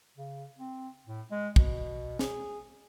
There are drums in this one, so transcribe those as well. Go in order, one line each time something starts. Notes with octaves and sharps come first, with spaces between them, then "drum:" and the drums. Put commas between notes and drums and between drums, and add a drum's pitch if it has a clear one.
C#3
C4
A2
G#3
B2, drum: kick
G#4, drum: snare